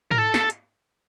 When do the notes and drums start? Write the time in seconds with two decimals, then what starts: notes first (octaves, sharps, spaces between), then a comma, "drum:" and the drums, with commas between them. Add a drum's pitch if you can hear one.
0.11 A#4, drum: tom G#2
0.18 A4
0.34 drum: snare
0.50 drum: hi-hat